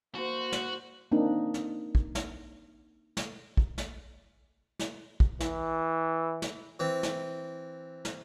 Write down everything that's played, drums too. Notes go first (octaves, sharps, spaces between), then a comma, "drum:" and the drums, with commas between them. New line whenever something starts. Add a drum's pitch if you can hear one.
A#3 F#4 C5
drum: snare
A#3 C4 D4 D#4
drum: snare
drum: kick
drum: snare
drum: snare
drum: kick
drum: snare
drum: snare
drum: kick
E3, drum: snare
drum: snare
E3 C4
drum: snare
drum: snare